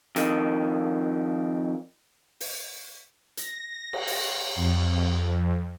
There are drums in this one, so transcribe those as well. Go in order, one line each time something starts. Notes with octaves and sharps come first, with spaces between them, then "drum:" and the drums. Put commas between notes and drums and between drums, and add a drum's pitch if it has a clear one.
F2 D#3, drum: hi-hat
drum: open hi-hat
A#6, drum: hi-hat
drum: cymbal
drum: open hi-hat
F2